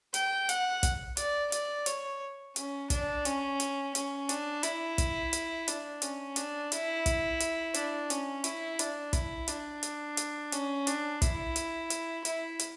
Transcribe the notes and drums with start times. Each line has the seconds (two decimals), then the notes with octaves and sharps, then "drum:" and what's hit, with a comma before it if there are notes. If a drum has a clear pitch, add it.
0.14 G5, drum: hi-hat
0.49 F#5, drum: hi-hat
0.83 drum: kick, hi-hat
1.17 D5, drum: hi-hat
1.52 D5, drum: hi-hat
1.86 C#5, drum: hi-hat
2.56 C#4, drum: hi-hat
2.90 D4, drum: kick, hi-hat
3.25 C#4, drum: hi-hat
3.60 drum: hi-hat
3.95 C#4, drum: hi-hat
4.29 D4, drum: hi-hat
4.63 E4, drum: hi-hat
4.98 drum: kick, hi-hat
5.33 drum: hi-hat
5.68 D4, drum: hi-hat
6.02 C#4, drum: hi-hat
6.36 D4, drum: hi-hat
6.72 E4, drum: hi-hat
7.06 drum: kick, hi-hat
7.40 drum: hi-hat
7.74 D4, drum: hi-hat
8.10 C#4, drum: hi-hat
8.44 E4, drum: hi-hat
8.79 D4, drum: hi-hat
9.13 E4, drum: kick, hi-hat
9.48 D4, drum: hi-hat
9.83 drum: hi-hat
10.17 drum: hi-hat
10.52 C#4, drum: hi-hat
10.87 D4, drum: hi-hat
11.22 E4, drum: kick, hi-hat
11.56 drum: hi-hat
11.90 drum: hi-hat
12.25 E4, drum: hi-hat
12.59 drum: hi-hat